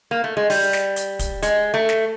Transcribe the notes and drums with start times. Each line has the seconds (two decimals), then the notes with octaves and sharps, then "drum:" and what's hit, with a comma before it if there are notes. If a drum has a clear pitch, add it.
0.11 A#3
0.24 A3
0.37 G#3
0.50 G3, drum: open hi-hat
0.73 drum: snare
0.96 drum: hi-hat
1.19 drum: kick, hi-hat
1.43 G#3, drum: hi-hat
1.74 A3
1.89 drum: snare